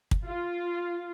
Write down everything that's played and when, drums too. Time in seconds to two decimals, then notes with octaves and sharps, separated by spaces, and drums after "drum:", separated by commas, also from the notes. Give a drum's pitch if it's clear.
0.11 drum: kick
0.25 F4